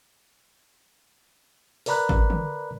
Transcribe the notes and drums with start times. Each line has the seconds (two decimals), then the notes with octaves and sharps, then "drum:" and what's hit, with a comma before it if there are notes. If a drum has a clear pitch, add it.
1.86 A#4 B4 D5 A#5 B5 F#6, drum: open hi-hat
2.09 drum: kick G#1
2.30 drum: tom D3